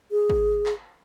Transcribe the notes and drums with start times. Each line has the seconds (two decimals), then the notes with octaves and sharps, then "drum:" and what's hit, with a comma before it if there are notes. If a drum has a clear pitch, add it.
0.11 G#4
0.30 drum: kick
0.66 drum: clap